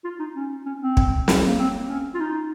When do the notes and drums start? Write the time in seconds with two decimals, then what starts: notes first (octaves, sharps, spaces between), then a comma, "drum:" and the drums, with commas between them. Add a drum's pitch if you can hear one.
0.04 F4
0.19 D#4
0.36 C#4
0.66 C#4
0.81 C4
0.97 drum: kick
1.28 drum: snare
1.46 A#3
1.59 C4
1.89 C#4
2.14 F4
2.20 D#4